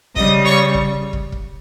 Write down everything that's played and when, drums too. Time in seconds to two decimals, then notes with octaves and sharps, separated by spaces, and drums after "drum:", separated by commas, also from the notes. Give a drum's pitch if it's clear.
0.16 C#3 G3 D#5 D#6, drum: kick
0.45 C#5 C#6
0.74 drum: kick
1.13 drum: kick
1.32 drum: kick